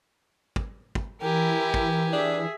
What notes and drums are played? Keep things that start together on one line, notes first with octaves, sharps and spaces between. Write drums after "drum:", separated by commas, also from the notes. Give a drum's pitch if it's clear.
drum: kick
drum: kick
E3 E4 G4 A#4 G#5
drum: kick
D4 G#4 E5